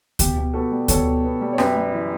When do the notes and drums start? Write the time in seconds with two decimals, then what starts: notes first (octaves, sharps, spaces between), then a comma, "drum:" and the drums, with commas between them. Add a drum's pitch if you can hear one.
0.19 B2 G4, drum: kick D2, hi-hat
0.37 B2
0.53 B3 F#4 A4
0.72 G3
0.88 B2 A4 C#5, drum: kick D2, hi-hat
1.06 B2
1.24 B3
1.41 G3
1.53 C#5
1.58 F#2 G4 B4, drum: rim click
1.76 G3
1.93 E3